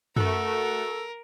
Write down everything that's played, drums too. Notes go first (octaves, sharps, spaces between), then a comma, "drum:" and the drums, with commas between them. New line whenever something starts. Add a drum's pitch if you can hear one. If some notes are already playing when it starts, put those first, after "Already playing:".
A3 F#4 A4 A#4, drum: tom F#2